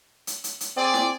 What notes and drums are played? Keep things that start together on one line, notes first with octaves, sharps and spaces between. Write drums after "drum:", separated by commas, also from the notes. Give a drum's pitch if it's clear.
drum: hi-hat
drum: hi-hat
drum: hi-hat
C4 G#4 D5
drum: snare